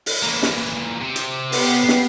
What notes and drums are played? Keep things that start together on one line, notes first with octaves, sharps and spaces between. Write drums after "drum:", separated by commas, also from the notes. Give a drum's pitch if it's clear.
drum: open hi-hat
A#2 E3
drum: snare
C3
drum: hi-hat
B3 G4 C7, drum: open hi-hat
drum: snare